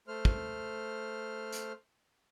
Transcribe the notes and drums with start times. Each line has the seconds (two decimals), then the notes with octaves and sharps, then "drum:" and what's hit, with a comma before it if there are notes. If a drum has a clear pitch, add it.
0.08 A3 C5 F6
0.25 drum: kick
1.53 drum: hi-hat